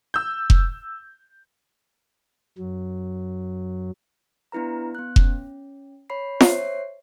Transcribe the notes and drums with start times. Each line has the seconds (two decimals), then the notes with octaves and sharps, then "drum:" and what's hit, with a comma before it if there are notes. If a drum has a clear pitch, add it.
0.14 E6 G6
0.50 drum: kick F1
2.58 F#2 F#3
4.52 B3 D4 E4 B4 A#5
4.95 B3 F#6
5.16 C#4, drum: kick F1
6.10 C#5 B5 C7
6.41 C5 C#5 E5 C7, drum: snare